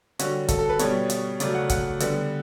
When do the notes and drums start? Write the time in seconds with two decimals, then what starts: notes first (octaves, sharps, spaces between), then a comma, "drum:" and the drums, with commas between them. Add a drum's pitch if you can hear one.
0.19 D3 G3 C#4 F#4, drum: hi-hat
0.48 A4, drum: kick, hi-hat
0.59 A4
0.69 B4
0.79 B2 G3 C#4 C#5, drum: hi-hat
1.10 drum: hi-hat
1.40 C#3 F#3 A3 D5, drum: hi-hat
1.55 F#5
1.69 F#5, drum: kick, hi-hat
2.00 D3 G3 B3, drum: hi-hat